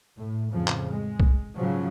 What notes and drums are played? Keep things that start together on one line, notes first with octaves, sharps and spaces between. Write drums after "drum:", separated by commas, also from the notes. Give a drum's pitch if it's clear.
A2
F2 A2 C#3 F3
drum: clap
G#3
drum: kick B1
G#2 C#3 F3 F#3